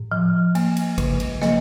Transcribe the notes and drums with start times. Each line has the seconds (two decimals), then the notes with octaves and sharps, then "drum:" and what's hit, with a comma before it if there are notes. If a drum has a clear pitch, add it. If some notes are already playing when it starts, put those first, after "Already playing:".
Already playing: A2
0.12 F3
0.55 A#3, drum: cymbal
0.77 drum: cymbal
0.98 C#3, drum: kick, cymbal
1.20 drum: cymbal
1.42 A#3 D#5, drum: snare